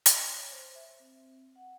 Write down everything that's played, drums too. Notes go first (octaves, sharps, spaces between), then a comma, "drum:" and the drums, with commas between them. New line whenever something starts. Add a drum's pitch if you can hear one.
C6, drum: hi-hat
C#5
C5
E5
C4
F#5